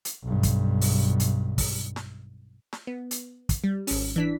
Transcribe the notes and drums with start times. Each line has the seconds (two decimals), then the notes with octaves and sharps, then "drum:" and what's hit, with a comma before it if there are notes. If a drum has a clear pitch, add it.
0.05 drum: hi-hat
0.24 B1 G2
0.43 drum: kick, hi-hat
0.81 drum: open hi-hat
1.20 drum: hi-hat
1.58 drum: kick, open hi-hat
1.96 drum: snare
2.73 drum: snare
2.87 B3
3.11 drum: hi-hat
3.49 drum: kick, hi-hat
3.64 G3
3.87 G#1 C#4, drum: open hi-hat
4.16 E3 D4 B6